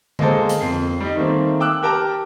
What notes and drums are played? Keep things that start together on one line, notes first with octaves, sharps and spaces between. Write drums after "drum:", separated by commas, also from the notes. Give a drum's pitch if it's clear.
G#3 A#3 A4 C5, drum: tom D3
drum: hi-hat
F2 C7
G3 D#4
D#3 A3 A#3 C4
G5 D6 E6 F#6
G4 A#4 G5 A5 A#5